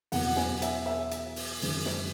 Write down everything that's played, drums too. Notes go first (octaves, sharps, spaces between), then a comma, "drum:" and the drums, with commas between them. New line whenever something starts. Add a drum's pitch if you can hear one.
E2 B2 F#3 B3 F#5, drum: open hi-hat
G#5, drum: snare
E5, drum: hi-hat
E5
drum: hi-hat
drum: open hi-hat
F#2 D#3 G#3, drum: open hi-hat
drum: snare